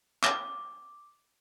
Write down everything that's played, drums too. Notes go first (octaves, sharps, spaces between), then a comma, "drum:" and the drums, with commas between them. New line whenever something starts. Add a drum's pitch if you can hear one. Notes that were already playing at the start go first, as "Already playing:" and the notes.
D6, drum: clap